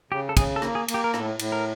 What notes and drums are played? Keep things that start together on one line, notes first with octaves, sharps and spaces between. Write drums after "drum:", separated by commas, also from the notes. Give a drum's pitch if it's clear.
C#3 G4
A4
C#3 G#4, drum: kick, cymbal
A4
A#3, drum: rim click
G#4
A#3, drum: cymbal
G4
A#4
A2 A4, drum: rim click
A2, drum: cymbal
A#4